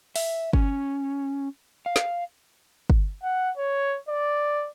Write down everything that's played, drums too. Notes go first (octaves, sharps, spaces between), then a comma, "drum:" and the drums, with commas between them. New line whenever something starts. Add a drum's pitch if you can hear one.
E5, drum: open hi-hat
C#4, drum: kick G1
F5
drum: snare
drum: kick G1
F#5
C#5
D5